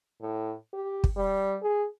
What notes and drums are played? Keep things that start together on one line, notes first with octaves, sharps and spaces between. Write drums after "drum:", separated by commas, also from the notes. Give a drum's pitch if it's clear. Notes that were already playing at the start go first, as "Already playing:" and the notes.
A2
G4
drum: kick
G3
G#4